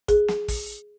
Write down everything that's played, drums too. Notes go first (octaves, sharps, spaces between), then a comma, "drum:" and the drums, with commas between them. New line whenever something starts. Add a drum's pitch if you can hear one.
G#4, drum: kick, hi-hat
drum: snare
drum: kick, open hi-hat